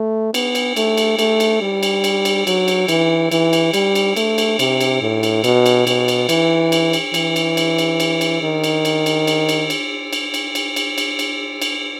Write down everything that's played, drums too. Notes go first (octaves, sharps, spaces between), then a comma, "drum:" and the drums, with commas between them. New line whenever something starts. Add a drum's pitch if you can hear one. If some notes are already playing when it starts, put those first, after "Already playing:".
Already playing: A3
B3, drum: cymbal
drum: cymbal
A3, drum: cymbal
drum: cymbal
A3, drum: cymbal
drum: cymbal
G3
drum: cymbal
drum: cymbal
drum: cymbal
F#3, drum: cymbal
drum: cymbal
E3, drum: cymbal
E3, drum: cymbal
drum: cymbal
G3, drum: cymbal
drum: cymbal
A3, drum: cymbal
drum: cymbal
C3, drum: cymbal
drum: cymbal
A2
drum: cymbal
B2, drum: cymbal
drum: cymbal
B2, drum: cymbal
drum: cymbal
E3, drum: cymbal
drum: cymbal
drum: cymbal
E3, drum: cymbal
drum: cymbal
drum: cymbal
drum: cymbal
drum: cymbal
drum: cymbal
D#3
drum: cymbal
drum: cymbal
drum: cymbal
drum: cymbal
drum: cymbal
drum: cymbal
drum: cymbal
drum: cymbal
drum: cymbal
drum: cymbal
drum: cymbal
drum: cymbal
drum: cymbal